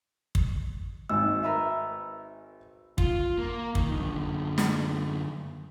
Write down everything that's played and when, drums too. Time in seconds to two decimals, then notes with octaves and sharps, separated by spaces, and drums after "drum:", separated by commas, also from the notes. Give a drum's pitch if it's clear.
0.35 drum: kick
1.09 G#1 G#2 E6
1.43 A#4 B4 E5
2.98 F4, drum: kick
3.38 A#3
3.75 D#3, drum: kick
3.92 F#2 D3
4.58 drum: snare